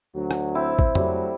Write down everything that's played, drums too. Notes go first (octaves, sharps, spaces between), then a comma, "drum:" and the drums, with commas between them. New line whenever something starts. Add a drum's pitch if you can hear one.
D2 F#3
drum: rim click
C4 E4
drum: kick
F#3 G3 A3, drum: tom F2